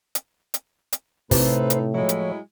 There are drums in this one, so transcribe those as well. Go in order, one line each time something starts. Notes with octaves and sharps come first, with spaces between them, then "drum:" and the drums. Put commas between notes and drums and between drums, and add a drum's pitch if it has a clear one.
drum: hi-hat
drum: hi-hat
drum: hi-hat
A2 C3 D#4 E4 A4 B4 C5, drum: kick, open hi-hat
drum: hi-hat
F3 F#3 G#3 E4 C#5
drum: hi-hat